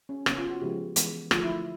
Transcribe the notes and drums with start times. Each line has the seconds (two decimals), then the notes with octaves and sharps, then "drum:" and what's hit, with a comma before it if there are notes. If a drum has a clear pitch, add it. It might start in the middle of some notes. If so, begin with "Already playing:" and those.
0.09 C#4
0.26 C#3 F#3 B3 C#4, drum: rim click
0.38 F4
0.50 F#4
0.61 C#3 F3 G#3 B3 G4
0.96 E3 G#3 B3, drum: hi-hat
1.31 D3 F3 A3 F4, drum: rim click
1.43 E4